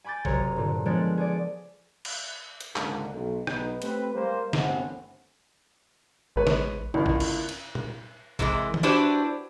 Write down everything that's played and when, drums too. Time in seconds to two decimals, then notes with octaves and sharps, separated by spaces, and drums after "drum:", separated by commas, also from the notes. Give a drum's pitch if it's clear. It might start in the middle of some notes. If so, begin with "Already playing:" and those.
0.04 G#5 B5 D6 G6 A6
0.25 F#1 C3 C#5 A#5, drum: kick
0.56 G2 A#2 D3
0.85 F3 G#3 B3 D4 C#5 D5
1.18 G#4 C#5 D5
2.05 drum: cymbal
2.61 drum: hi-hat
2.76 C#2 G#2 D3 A#3 F#5, drum: clap
3.12 B1
3.47 B1 B3 D#4 B4, drum: rim click
3.82 A3 C4 G4 B4, drum: hi-hat
4.15 G3 A#3 C5
4.53 G1 D#2 A2 E3 C4 F#5, drum: snare
6.36 A1 G#3 B4 C#5
6.47 drum: snare
6.94 G1 C#2 E4 A#4
7.06 drum: kick
7.20 drum: cymbal
7.49 drum: cymbal
7.75 drum: tom
8.39 C3 E3 G#3 A#3, drum: kick
8.74 drum: tom
8.83 D4 E4 F#4 G4 B4 C5